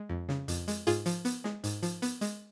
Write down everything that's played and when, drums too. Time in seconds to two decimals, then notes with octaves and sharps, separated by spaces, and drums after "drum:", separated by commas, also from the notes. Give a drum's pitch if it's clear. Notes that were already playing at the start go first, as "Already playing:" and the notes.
Already playing: G#3
0.09 F2
0.29 C#3, drum: snare
0.48 F2, drum: hi-hat
0.68 G#3, drum: hi-hat
0.87 G#2 F4 G#4, drum: hi-hat
1.06 F3, drum: hi-hat
1.25 B3, drum: hi-hat
1.44 G#3, drum: snare
1.64 G#2, drum: hi-hat
1.83 F3, drum: hi-hat
2.02 B3, drum: hi-hat
2.21 G#3, drum: hi-hat